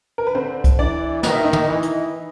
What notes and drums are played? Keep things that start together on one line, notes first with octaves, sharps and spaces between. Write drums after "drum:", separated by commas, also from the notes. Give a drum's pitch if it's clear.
A#4
B4
D3 C4 C5
drum: kick, hi-hat
E3 D4 D5
D#3 D#5, drum: snare
E5
D#4 D#5
drum: tom
E3
drum: hi-hat